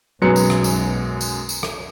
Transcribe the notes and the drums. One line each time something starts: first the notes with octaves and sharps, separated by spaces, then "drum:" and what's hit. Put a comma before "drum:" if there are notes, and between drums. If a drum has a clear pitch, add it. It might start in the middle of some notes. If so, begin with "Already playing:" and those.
B1 F#2 F#3 G#3 B3 C#7
drum: tambourine
drum: rim click
drum: tambourine
drum: tambourine
drum: tambourine
drum: rim click